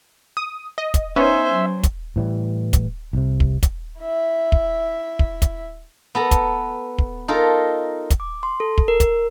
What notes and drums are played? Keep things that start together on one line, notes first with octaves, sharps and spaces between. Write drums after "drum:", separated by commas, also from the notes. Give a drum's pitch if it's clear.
D#6
D#5
drum: kick, hi-hat
B3 C#4 D#4 C5 E5 G#5
F#3
drum: kick, hi-hat
A2 E3 G3
drum: kick, hi-hat
C2 C3
drum: kick
drum: kick, hi-hat
E4 E5
drum: kick
drum: kick
drum: kick, hi-hat
B3 A4 A#5
drum: kick, hi-hat
drum: kick
D#4 F4 A4 A#4
drum: kick, hi-hat
D6
C6
A4
drum: kick
A#4
drum: kick, hi-hat